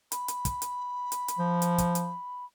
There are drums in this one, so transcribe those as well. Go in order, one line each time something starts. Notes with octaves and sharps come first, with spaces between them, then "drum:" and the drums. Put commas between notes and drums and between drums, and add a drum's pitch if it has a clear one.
B5, drum: hi-hat
drum: hi-hat
drum: kick, hi-hat
drum: hi-hat
drum: hi-hat
drum: hi-hat
F3
drum: hi-hat
drum: kick, hi-hat
drum: hi-hat